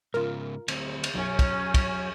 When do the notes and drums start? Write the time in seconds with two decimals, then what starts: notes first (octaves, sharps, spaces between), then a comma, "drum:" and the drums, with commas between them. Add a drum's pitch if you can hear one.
0.14 G#2 C#3 F4 A#4
0.68 D2 C4, drum: cymbal
1.04 drum: cymbal
1.15 B1 F#2 F#3 C#4
1.39 drum: kick, cymbal
1.74 drum: kick, cymbal